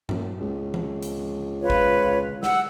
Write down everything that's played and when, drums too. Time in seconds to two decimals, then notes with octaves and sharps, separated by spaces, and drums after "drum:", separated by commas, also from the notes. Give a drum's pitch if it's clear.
0.09 F#2, drum: tom G2
0.40 C#2
0.74 drum: tom E3
1.03 drum: hi-hat
1.61 F4 B4 C#5
1.70 drum: kick
2.43 F#5 E6, drum: snare